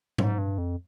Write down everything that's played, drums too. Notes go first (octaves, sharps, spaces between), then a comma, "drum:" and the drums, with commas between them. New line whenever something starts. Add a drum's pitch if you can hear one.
G#2, drum: tom A2
G2
F2